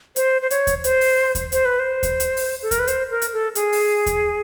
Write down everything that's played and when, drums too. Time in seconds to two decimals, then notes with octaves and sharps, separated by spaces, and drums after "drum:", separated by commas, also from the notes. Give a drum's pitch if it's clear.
0.16 C5, drum: hi-hat
0.42 C5
0.51 C#5, drum: hi-hat
0.67 drum: kick D#2, hi-hat
0.84 C5, drum: hi-hat
1.01 drum: open hi-hat
1.35 drum: kick D#2, hi-hat
1.52 C5, drum: hi-hat
1.65 B4
1.79 C5
2.03 drum: kick D#2, hi-hat
2.20 drum: hi-hat
2.37 drum: open hi-hat
2.63 A4
2.71 A#4, drum: kick D#2, hi-hat
2.79 B4
2.87 C5, drum: hi-hat
3.11 A#4
3.22 drum: hi-hat
3.33 A4
3.55 G#4, drum: hi-hat
3.72 drum: open hi-hat
4.06 drum: kick D#2, hi-hat